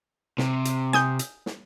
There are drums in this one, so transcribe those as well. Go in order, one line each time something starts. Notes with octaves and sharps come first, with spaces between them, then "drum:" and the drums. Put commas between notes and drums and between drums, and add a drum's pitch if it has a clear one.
C3, drum: snare
drum: hi-hat
G#5 D#6 G6, drum: snare
drum: hi-hat
drum: snare